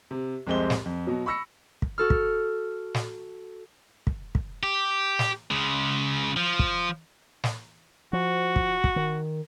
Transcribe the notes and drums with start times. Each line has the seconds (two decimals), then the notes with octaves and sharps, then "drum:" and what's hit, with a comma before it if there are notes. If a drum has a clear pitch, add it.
0.11 C3
0.47 C2 F2 G#3 C4 G4 G7
0.70 drum: snare
0.86 F2
1.07 B2 F#3
1.26 B5 C#6 E6 A#6 C#7
1.82 drum: kick
1.98 F#4 A4 F6
2.10 drum: kick
2.94 drum: snare
4.07 drum: kick
4.35 drum: kick
4.63 G4
5.19 drum: snare
5.51 C#3 G#3
6.36 F3
6.59 drum: kick
7.44 drum: snare
8.13 F3 F#4
8.56 drum: kick
8.84 drum: kick
8.96 D#3